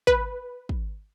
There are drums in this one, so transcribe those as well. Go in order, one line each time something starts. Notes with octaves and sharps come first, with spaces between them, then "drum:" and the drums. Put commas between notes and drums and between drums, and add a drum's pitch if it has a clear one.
B4, drum: kick
drum: kick